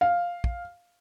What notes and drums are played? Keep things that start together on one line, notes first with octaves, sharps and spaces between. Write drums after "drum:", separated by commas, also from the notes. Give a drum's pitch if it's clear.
F5
drum: kick